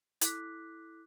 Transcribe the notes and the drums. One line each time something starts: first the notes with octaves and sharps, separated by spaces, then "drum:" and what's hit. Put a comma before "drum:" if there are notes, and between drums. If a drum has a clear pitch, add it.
E4 A4 D6 F#6 B6, drum: hi-hat